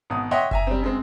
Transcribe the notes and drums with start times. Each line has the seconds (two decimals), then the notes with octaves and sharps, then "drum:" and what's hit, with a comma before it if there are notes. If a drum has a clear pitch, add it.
0.10 G#1 B2 D#6
0.31 C#5 D#5 E5 F#5 G5 C6
0.51 E5 G#5 A#5, drum: kick F#1
0.67 G3 C4
0.82 F#2 G#3 C4